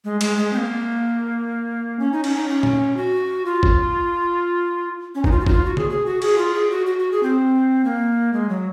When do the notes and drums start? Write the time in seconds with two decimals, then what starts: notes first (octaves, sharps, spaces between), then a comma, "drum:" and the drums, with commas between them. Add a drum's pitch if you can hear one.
0.05 G#3
0.21 G#3, drum: cymbal
0.37 G#3
0.53 C4
0.57 A#3
1.99 C#4
2.12 D#4
2.24 C#4, drum: cymbal
2.36 D#4
2.48 C#4
2.63 drum: tom A#2
2.97 F#4
3.45 F4
3.63 drum: kick
5.15 C#4
5.24 D#4, drum: kick
5.32 F4
5.41 F#4
5.47 D#4, drum: kick
5.52 F4
5.65 F#4
5.77 G#4, drum: tom C3
5.90 G#4
6.06 F#4
6.22 G#4, drum: cymbal
6.38 F4
6.54 G#4
6.71 F#4
6.86 F#4
6.99 F#4
7.12 G#4
7.23 C4
7.85 A#3
8.33 G#3
8.49 F#3